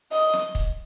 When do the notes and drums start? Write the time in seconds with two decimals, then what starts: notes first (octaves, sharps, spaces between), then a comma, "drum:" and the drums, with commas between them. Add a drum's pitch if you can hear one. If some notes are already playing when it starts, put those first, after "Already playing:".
0.12 D#5, drum: hi-hat
0.33 drum: snare
0.55 drum: kick, hi-hat